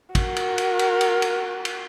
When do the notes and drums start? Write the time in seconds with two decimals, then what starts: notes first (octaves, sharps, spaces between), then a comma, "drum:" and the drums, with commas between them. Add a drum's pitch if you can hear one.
0.15 F#4 A#4, drum: kick, cymbal
0.36 drum: cymbal
0.58 drum: cymbal
0.79 drum: cymbal
1.01 drum: cymbal
1.22 drum: cymbal
1.65 drum: cymbal